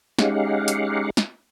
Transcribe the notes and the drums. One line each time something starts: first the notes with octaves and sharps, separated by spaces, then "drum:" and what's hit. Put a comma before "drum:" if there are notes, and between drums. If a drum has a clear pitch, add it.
G#3 C#4 D#4 G4 F5 F#5, drum: snare
drum: hi-hat
drum: snare